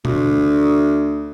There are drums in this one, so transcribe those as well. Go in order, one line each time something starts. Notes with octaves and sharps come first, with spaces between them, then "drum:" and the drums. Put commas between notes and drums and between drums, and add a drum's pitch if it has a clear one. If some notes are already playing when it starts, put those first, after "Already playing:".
D2, drum: tom B2